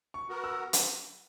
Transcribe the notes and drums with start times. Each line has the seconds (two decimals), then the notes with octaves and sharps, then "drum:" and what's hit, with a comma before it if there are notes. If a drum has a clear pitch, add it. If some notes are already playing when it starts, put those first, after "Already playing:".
0.14 C#6
0.29 B3 F#4 A#4
0.44 E6
0.73 drum: hi-hat